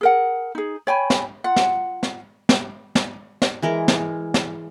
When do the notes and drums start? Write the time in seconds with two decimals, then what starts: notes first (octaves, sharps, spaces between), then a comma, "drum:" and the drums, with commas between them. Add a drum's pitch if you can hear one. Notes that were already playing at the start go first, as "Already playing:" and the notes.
0.01 G#4 A#4 F#5
0.55 D#4 G#4
0.87 C#5 G5 G#5 B5
1.10 drum: snare
1.44 F4 F#5
1.56 drum: snare
2.03 drum: snare
2.49 drum: snare
2.95 drum: snare
3.42 drum: snare
3.62 E3 G#3 A#4
3.88 drum: snare
4.34 drum: snare